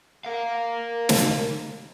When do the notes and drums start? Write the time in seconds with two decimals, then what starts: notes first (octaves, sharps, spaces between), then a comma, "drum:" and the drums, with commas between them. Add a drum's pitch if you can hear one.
0.25 A#4 F5
1.09 drum: snare